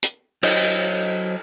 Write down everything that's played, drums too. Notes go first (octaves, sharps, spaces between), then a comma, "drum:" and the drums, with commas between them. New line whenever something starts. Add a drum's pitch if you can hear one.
drum: hi-hat
F#3 C5 C#5 D#5, drum: cymbal